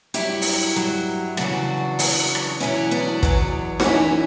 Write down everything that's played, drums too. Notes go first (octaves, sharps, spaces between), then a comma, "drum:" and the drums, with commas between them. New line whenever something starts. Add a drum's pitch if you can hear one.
G2 F#3 E4 G4, drum: hi-hat
drum: open hi-hat
G2 F#3
E2 C#3 F#3 D4 F#4, drum: rim click
E2 C#3 F#3, drum: open hi-hat
drum: rim click
E2 B2 F#3 C#4 E4
B3 D4
E2 B2 F#3, drum: kick
F#4, drum: snare D#4
F#2 E3 C#4 E4